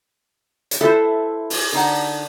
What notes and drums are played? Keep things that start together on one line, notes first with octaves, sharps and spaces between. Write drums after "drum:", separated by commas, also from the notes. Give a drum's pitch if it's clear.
drum: hi-hat
E4 A4 B4 C5 E5
drum: open hi-hat
D3 D#4 F#5